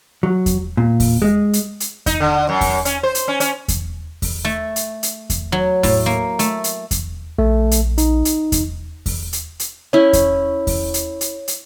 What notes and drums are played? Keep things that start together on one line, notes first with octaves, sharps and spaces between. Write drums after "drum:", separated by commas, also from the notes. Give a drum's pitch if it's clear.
F#3
drum: kick E2, hi-hat
A#2
drum: kick E2, open hi-hat
G#3
drum: hi-hat
drum: hi-hat
D#4, drum: kick E2, hi-hat
D3
F#2
drum: kick E2, open hi-hat
C#4, drum: hi-hat
C5
drum: hi-hat
C#4
C#4, drum: hi-hat
drum: kick E2, hi-hat
drum: kick E2, open hi-hat
A3
drum: hi-hat
drum: hi-hat
drum: kick E2, hi-hat
F#3
A2, drum: kick E2, open hi-hat
A#3
A3, drum: hi-hat
drum: hi-hat
drum: kick E2, hi-hat
A#1 A3
drum: hi-hat
D#4, drum: hi-hat
drum: hi-hat
drum: kick E2, hi-hat
drum: kick E2, open hi-hat
drum: hi-hat
drum: hi-hat
C#4 E4 C#5
drum: kick E2, hi-hat
drum: kick E2, open hi-hat
drum: hi-hat
drum: hi-hat
drum: hi-hat